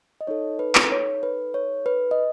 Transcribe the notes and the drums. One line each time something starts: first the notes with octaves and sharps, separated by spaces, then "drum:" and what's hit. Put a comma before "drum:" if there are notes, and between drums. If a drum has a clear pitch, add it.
D#5
D#4 A4 C#5
B4
drum: clap
C#5
B4
C#5
B4
D#5